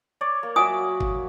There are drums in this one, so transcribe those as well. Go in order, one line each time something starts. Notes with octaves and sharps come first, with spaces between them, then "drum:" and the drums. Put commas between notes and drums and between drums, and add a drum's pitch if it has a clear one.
C#5 D5
A#3
F#3 E5 F#5 G#5 D#6
drum: kick G1